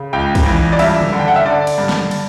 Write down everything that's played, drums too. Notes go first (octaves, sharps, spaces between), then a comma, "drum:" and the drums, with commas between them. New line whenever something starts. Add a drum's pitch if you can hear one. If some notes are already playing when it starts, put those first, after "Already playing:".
Already playing: C#3
C#2 G5
drum: kick, cymbal
E3
D5
G2 E5, drum: cymbal
drum: tom
D3
G5
F#5
E5
D3 D5
drum: cymbal
G2
drum: snare
drum: cymbal